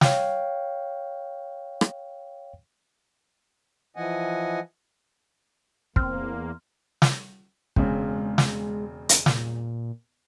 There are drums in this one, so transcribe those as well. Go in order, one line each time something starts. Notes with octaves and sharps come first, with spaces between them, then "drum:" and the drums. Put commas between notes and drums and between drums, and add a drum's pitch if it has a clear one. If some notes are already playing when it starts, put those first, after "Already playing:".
C#5 F5 G5, drum: snare
drum: rim click
E3 F3 D#5 F#5 G#5
E2 A#3 C4 C6 F6, drum: kick
drum: snare
E1 C#3 G#3 C4, drum: kick
drum: snare
drum: hi-hat
A#2, drum: snare